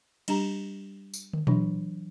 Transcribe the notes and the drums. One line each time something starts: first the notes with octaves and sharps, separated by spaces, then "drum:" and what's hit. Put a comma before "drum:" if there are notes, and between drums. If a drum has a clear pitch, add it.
G3 D4 G4 A#5, drum: cymbal
drum: tambourine
drum: tom
E3 F#3 D4, drum: tom A#2